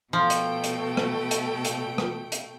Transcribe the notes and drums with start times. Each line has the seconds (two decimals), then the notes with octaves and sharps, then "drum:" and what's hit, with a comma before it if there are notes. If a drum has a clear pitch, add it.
0.13 B2 F3 A3 G5
0.30 drum: hi-hat
0.64 drum: hi-hat
0.97 drum: rim click
1.31 drum: hi-hat
1.65 drum: hi-hat
1.98 drum: rim click
2.32 drum: hi-hat